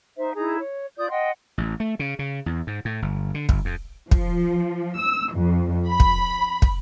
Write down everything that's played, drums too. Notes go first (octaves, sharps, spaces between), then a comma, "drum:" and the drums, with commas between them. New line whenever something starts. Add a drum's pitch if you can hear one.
D#4 C5 E5
D#4 E4 G#4 A#5
C#5
F4 D5 D#6 G6
D#5 F#5 G5 C6
A1
A3
C#3
C#3
E2
G#2
A2
G1
D3
G1, drum: kick
F2
F3, drum: kick
E6
F2
B5
drum: kick
drum: kick